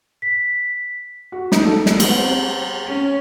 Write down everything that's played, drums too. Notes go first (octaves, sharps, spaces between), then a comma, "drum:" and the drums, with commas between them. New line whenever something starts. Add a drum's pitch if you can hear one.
B6
F#4
D#4, drum: snare
A4
G3, drum: snare
B3, drum: cymbal
C4
C#4